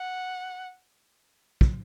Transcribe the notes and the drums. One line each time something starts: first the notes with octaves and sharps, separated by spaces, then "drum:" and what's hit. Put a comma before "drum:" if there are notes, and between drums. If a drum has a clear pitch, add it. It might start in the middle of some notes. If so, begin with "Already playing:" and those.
Already playing: F#5
drum: kick